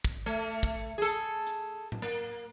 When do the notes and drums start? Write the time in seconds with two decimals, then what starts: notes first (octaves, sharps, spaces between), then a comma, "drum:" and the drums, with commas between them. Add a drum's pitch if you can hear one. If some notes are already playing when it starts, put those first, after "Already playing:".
0.05 drum: kick
0.26 A3, drum: hi-hat
0.63 drum: kick
0.98 G#4 A4
1.47 drum: hi-hat
1.92 drum: tom A2
2.02 A#3